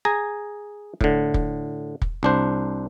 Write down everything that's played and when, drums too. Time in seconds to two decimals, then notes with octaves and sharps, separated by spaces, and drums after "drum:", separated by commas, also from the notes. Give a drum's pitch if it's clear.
0.05 G#4 G#5 A#5
1.01 A2 D3, drum: kick
1.34 drum: kick
2.02 drum: kick
2.23 C2 D4 C5